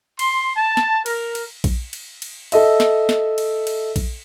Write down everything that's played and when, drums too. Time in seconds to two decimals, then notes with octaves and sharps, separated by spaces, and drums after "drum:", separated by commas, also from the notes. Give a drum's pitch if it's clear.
0.19 C6, drum: cymbal
0.56 A5
0.77 drum: snare
1.06 A#4, drum: cymbal
1.35 drum: cymbal
1.64 drum: kick A#1, cymbal
1.93 drum: cymbal
2.22 drum: cymbal
2.52 A4 D#5 E5, drum: cymbal
2.80 drum: snare
3.09 drum: snare
3.38 drum: cymbal
3.67 drum: cymbal
3.96 drum: kick A#1, cymbal